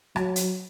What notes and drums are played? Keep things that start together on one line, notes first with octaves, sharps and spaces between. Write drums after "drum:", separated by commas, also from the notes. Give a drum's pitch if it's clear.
F#3, drum: rim click
drum: hi-hat